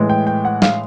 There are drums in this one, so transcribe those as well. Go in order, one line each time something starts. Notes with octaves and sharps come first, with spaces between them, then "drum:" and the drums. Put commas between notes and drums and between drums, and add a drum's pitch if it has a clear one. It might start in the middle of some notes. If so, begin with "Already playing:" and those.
Already playing: A2 E3 G#3
G5
G5
F#5
F5, drum: snare